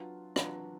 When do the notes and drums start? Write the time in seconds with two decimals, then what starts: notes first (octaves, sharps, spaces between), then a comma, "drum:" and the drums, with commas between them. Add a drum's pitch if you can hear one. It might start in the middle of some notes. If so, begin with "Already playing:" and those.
Already playing: F#3 D4 F4 B4
0.36 F#3 D4 F4 B4, drum: rim click